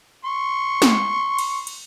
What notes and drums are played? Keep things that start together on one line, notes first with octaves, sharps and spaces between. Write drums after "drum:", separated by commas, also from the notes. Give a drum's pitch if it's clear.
C6 C#6
drum: snare
drum: cymbal
drum: cymbal